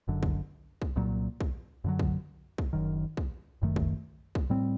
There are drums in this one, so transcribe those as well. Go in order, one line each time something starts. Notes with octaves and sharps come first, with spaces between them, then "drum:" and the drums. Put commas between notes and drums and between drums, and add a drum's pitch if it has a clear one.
F#1 F#2 D3
drum: kick
drum: kick
C2 A#2 F#3
drum: kick
F#2 D3 F#3
drum: kick
drum: kick
F#1 F#2 D#3
drum: kick
F#1 F#2 D#3 A3
drum: kick
drum: kick
A2 G3 C4